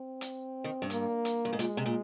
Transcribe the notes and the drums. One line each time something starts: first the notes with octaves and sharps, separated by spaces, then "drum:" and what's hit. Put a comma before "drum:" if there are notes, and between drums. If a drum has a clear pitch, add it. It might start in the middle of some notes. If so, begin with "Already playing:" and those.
Already playing: C4
drum: hi-hat
D#3
G2
A#3, drum: hi-hat
drum: hi-hat
G2
G#2
A#2 G#3, drum: hi-hat
C3
A#2